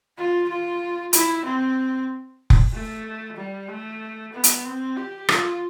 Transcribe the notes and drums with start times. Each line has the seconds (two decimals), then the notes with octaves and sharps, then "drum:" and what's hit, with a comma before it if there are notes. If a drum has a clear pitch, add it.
0.17 F4
0.49 F4
1.13 E4, drum: hi-hat
1.45 C4
2.50 drum: kick F1
2.72 A3
3.36 G3
3.68 A3
4.33 B3
4.44 drum: hi-hat
4.65 C4
4.97 G4
5.29 F4, drum: rim click